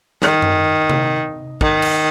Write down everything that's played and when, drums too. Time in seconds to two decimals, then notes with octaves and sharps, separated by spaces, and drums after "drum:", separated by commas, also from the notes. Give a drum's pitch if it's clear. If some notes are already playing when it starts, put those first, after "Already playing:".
0.22 D#3, drum: snare
0.42 drum: tom F#2
0.90 drum: tom C3
1.61 D#3, drum: kick
1.82 drum: cymbal